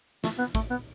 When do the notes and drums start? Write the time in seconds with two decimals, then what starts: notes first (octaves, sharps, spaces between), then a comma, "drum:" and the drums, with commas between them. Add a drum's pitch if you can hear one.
0.24 A3, drum: snare
0.39 B3
0.55 A3, drum: kick, hi-hat
0.71 B3